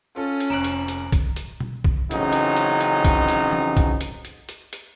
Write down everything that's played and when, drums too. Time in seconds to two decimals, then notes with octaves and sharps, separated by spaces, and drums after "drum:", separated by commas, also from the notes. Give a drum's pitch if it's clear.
0.16 C#4 F4 A4
0.40 drum: hi-hat
0.50 F1 F2 A#5 F#6 D7 F#7
0.64 drum: hi-hat
0.88 drum: hi-hat
1.12 drum: kick, hi-hat
1.36 drum: hi-hat
1.60 drum: tom B2
1.84 drum: kick
2.11 A1 C#3 F#3 C4 D#4, drum: hi-hat
2.33 drum: hi-hat
2.57 drum: hi-hat
2.81 drum: hi-hat
3.05 drum: kick, hi-hat
3.29 drum: hi-hat
3.53 drum: tom
3.77 drum: kick, hi-hat
4.01 drum: hi-hat
4.25 drum: hi-hat
4.49 drum: hi-hat
4.73 drum: hi-hat